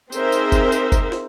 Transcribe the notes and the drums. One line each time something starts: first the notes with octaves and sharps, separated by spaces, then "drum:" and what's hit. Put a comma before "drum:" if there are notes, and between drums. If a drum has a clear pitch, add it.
C4 D#4 G#4 A#4 C5 E5, drum: tambourine
drum: tambourine
drum: kick F#1, tambourine
drum: tambourine
drum: kick F#1, tambourine
drum: snare